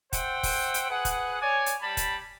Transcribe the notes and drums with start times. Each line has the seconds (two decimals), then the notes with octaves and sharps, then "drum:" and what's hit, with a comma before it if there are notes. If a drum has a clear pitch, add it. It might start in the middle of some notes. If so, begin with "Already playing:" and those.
0.13 C5 E5 F#5 G5, drum: kick F1, hi-hat
0.43 drum: kick F1, open hi-hat
0.74 drum: hi-hat
0.89 G#4 B4 F#5
1.05 drum: kick F1, hi-hat
1.42 C#5 D5 G#5
1.66 drum: hi-hat
1.82 G3 A5 B5
1.97 drum: kick F1, hi-hat